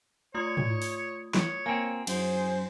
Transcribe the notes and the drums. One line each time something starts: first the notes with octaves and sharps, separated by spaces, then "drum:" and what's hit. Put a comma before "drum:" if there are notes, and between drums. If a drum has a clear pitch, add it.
A3 F4 C#5 D#6
drum: tom
drum: open hi-hat
C#5, drum: snare
A#3 C4 G#5
F#2 G#4 C5, drum: cymbal